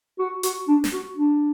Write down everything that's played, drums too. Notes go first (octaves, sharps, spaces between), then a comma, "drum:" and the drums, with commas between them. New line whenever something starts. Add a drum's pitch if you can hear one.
F#4
F#4, drum: hi-hat
D4
drum: snare
F#4
D4